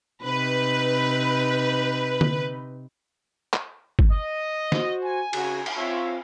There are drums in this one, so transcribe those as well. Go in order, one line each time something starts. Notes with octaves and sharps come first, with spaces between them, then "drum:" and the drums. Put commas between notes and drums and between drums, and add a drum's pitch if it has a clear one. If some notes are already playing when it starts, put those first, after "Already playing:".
C3 D#4 B4
drum: tom D3
drum: clap
drum: kick
D#5
F#4 C5, drum: snare
G#5
C#3 F#4, drum: cymbal
drum: cymbal
C4 F4 C#5 E5